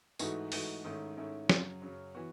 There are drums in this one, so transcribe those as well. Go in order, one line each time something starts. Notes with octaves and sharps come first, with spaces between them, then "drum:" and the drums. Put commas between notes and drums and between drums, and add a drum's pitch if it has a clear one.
G#2 E3 A3 D#4 F#4, drum: tambourine
G#2 E3 A3 D#4 F#4, drum: open hi-hat
G#2 D#3 A3 C#4 E4
G#2 D#3 A3 C#4 E4
F#2 C#3 F#3, drum: snare
F#2 C#3 F#3
E3 B3 F#4